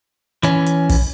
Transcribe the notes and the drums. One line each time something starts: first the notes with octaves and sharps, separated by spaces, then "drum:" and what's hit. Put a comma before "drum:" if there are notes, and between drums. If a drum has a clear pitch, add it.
E3 C#4, drum: hi-hat
drum: hi-hat
drum: kick, open hi-hat